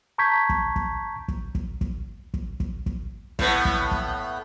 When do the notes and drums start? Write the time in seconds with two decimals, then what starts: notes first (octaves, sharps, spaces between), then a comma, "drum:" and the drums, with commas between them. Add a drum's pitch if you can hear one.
0.18 A5 A#5 C#6 G6 G#6 B6
0.49 drum: kick
0.76 drum: kick
1.28 drum: kick
1.55 drum: kick
1.81 drum: kick
2.34 drum: kick
2.60 drum: kick
2.86 drum: kick
3.39 A2 B3, drum: kick
3.65 drum: kick
3.91 drum: kick